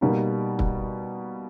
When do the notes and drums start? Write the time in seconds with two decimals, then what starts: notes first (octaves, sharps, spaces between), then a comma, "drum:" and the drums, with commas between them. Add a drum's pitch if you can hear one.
0.01 B2 G3 A#3 D#4
0.59 drum: kick